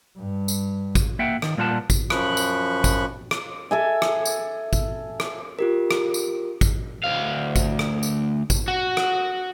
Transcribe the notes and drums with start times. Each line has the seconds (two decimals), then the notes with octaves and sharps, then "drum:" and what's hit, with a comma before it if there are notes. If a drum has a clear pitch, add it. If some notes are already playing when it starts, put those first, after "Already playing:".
0.18 G2
0.48 drum: tambourine
0.95 drum: kick, tambourine
1.19 A#3 E5 F#5 G5
1.42 D#3, drum: rim click
1.57 A#2 G3 F4 F#5 A5
1.90 drum: kick, tambourine
2.10 F#2 F3 B5 C#6 F#6, drum: rim click
2.37 drum: tambourine
2.84 drum: kick, tambourine
3.31 drum: rim click
3.71 A4 E5 G#5
4.02 drum: rim click
4.25 drum: tambourine
4.73 drum: kick, tambourine
5.20 drum: rim click
5.59 F4 G4 A#4
5.91 drum: rim click
6.14 drum: tambourine
6.61 drum: kick, tambourine
7.04 D2 F5
7.56 drum: kick, tambourine
7.79 drum: rim click
8.03 drum: tambourine
8.50 drum: kick, tambourine
8.68 F#4
8.97 drum: rim click